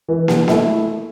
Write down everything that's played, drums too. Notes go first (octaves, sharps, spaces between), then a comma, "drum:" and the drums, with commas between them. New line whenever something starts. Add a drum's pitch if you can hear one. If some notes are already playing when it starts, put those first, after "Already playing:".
E3
drum: snare
A3 E4, drum: snare